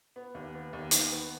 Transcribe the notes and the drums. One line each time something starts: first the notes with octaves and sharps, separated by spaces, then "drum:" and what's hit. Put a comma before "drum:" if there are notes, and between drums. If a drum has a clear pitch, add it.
B3
D#2
B3
D#2
D#3, drum: hi-hat
B3